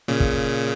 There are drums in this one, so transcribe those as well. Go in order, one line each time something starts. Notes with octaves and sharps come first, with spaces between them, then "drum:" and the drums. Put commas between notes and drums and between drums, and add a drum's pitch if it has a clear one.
A#2 C#3
drum: kick